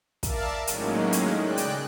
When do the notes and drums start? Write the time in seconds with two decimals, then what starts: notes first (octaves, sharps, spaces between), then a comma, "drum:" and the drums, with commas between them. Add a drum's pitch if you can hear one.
0.23 A#4 D5 E5 F5 A5, drum: kick, hi-hat
0.67 A2 D#3 F#3 G#3 A#3 C#4, drum: hi-hat
1.13 drum: hi-hat
1.39 C#3 G#3 D5 G5 F#6
1.57 drum: hi-hat